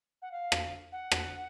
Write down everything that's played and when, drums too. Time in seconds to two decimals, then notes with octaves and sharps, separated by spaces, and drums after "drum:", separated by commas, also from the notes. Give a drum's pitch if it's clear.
0.22 F#5
0.32 F5
0.52 drum: rim click
0.92 F#5
1.12 drum: rim click